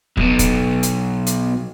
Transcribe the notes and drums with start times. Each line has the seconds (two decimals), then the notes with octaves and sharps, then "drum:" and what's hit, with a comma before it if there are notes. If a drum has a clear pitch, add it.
0.17 B1 B2, drum: kick
0.39 drum: kick, hi-hat
0.83 drum: hi-hat
1.27 drum: hi-hat